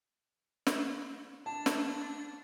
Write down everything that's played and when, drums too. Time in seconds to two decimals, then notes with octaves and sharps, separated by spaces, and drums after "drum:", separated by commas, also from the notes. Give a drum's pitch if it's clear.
0.67 drum: snare
1.46 D4 A5
1.66 drum: snare